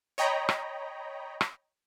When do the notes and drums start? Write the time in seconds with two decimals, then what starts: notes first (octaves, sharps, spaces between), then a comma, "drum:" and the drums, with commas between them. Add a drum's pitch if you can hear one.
0.18 C#5 D#5 G5 A#5 B5
0.49 drum: rim click
1.41 drum: rim click